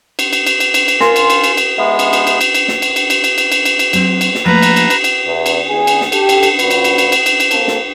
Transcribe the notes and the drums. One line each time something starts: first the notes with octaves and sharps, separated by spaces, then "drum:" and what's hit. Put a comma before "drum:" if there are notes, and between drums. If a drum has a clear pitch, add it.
drum: cymbal
drum: cymbal
drum: cymbal
drum: cymbal
drum: cymbal
drum: cymbal
F4 A#4 G#5 C6, drum: snare
drum: cymbal
drum: cymbal
drum: cymbal
drum: cymbal
G#3 B3 E5
drum: cymbal
drum: cymbal
drum: cymbal
drum: cymbal
drum: cymbal
drum: snare
drum: cymbal
drum: cymbal
drum: cymbal
drum: cymbal
drum: cymbal
drum: cymbal
drum: cymbal
drum: cymbal
F#3 C4, drum: cymbal
drum: cymbal
drum: snare
F3 A3 A#3 B4 A#5
drum: cymbal
drum: cymbal
drum: cymbal
drum: cymbal
E2
drum: cymbal
E2 G#4
drum: cymbal
drum: snare
G4 A4, drum: cymbal
drum: cymbal
drum: cymbal
D2 A#2 F3 F#4 B4, drum: cymbal
drum: cymbal
drum: cymbal
drum: cymbal
drum: cymbal
drum: cymbal
drum: cymbal
A#3 C4 A4, drum: cymbal
drum: snare